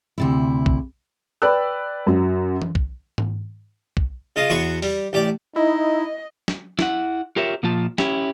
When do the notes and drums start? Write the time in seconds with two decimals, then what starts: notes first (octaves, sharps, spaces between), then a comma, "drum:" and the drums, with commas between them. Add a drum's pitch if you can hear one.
0.18 D2 C3 E4
0.66 drum: kick
1.42 B4 D5 G5 B5 E6 F#6
2.07 F#2 F#3
2.62 drum: tom E3
2.75 drum: kick
3.18 drum: tom G#2
3.97 drum: kick
4.36 C#3 F4 D#5 F5
4.50 E2 B3 F#4 C6 C#6
4.82 G3, drum: open hi-hat
5.13 A1 G4 D5
5.56 D#4 E4 D#5
6.48 drum: snare
6.79 E4 F#5, drum: snare
7.36 F4 G4 A#4 C#5 E5
7.63 A#2 F3 F4 A5
7.98 C#4 E4 G4, drum: snare